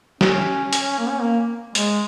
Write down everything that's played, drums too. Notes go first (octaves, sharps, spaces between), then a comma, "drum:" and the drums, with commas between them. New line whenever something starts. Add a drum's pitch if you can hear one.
C#4, drum: snare
drum: hi-hat
A#3
C#4
A#3
G#3, drum: hi-hat